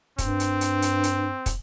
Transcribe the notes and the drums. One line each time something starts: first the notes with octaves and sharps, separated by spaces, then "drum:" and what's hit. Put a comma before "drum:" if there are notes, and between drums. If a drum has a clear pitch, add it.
G2 C4, drum: kick, hi-hat
drum: hi-hat
drum: hi-hat
drum: hi-hat
drum: hi-hat
drum: kick, hi-hat